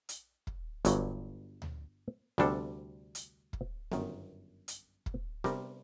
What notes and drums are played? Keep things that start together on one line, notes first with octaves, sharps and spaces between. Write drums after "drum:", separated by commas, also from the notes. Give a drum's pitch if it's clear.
drum: hi-hat
drum: kick
G1 G2 F#3, drum: kick, hi-hat
drum: tom D2
D2 C3 G3 D4 A4, drum: snare B3
drum: hi-hat
drum: kick
G1 F#2 D#3, drum: snare B3
drum: hi-hat
drum: kick
C3 G3 D4 G4 A#4, drum: snare B3